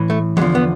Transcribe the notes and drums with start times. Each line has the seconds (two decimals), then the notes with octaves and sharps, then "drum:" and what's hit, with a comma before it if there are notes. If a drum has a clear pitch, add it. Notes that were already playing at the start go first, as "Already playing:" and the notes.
Already playing: A2 E3
0.10 A3
0.37 E2 D3 F3 G#3, drum: tom E3
0.55 B3